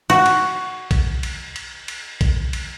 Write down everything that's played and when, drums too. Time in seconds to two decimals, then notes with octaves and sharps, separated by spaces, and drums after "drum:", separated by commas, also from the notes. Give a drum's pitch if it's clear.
0.10 F#4
0.26 drum: cymbal
0.91 drum: kick A#1, cymbal
1.23 drum: cymbal
1.56 drum: cymbal
1.88 drum: cymbal
2.21 drum: kick A#1, cymbal
2.53 drum: cymbal